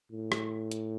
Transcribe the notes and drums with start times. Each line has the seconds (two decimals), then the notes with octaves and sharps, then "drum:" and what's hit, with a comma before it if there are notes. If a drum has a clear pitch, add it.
0.12 A2
0.32 drum: rim click
0.72 drum: hi-hat